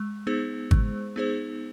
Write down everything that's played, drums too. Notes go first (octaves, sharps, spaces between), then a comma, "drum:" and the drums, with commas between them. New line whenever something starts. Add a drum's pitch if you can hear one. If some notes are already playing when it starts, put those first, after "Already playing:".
Already playing: G#3
B3 D#4 G#4 C5
G#3, drum: kick G#1
B3 D#4 G#4 C5